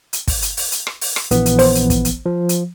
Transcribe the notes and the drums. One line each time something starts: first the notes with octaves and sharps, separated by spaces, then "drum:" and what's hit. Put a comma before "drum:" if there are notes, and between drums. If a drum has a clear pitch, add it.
drum: hi-hat
drum: kick, open hi-hat
drum: hi-hat
drum: open hi-hat
drum: hi-hat
drum: rim click
drum: open hi-hat
drum: rim click
A#1 E3 B3, drum: hi-hat
drum: hi-hat
C5, drum: open hi-hat
drum: hi-hat
drum: kick, hi-hat
drum: hi-hat
F3
drum: hi-hat